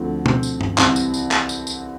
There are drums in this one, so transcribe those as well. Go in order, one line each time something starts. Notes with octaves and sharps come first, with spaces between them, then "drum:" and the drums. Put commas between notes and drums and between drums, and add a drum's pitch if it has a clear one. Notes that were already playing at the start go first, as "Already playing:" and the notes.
Already playing: D2 D3 F3 C4
C4, drum: tom
drum: tambourine
drum: tom
C2 C3 E3 C4, drum: clap
drum: tambourine
drum: tambourine
drum: clap
drum: tambourine
drum: tambourine